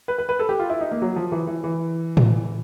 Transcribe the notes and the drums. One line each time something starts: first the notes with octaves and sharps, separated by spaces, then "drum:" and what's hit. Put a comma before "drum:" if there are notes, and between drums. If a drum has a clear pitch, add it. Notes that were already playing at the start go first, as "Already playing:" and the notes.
B4
B4
B4
A4
G4
F4
E4
D#4
A#3
F#3
F3
E3
E3
E3
drum: tom A2